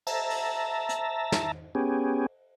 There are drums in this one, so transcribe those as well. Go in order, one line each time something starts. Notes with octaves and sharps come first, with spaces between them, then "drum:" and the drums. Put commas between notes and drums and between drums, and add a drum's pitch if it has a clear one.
E5 A5 A#5, drum: cymbal
drum: open hi-hat
drum: hi-hat
drum: snare
B3 C#4 G4 G#4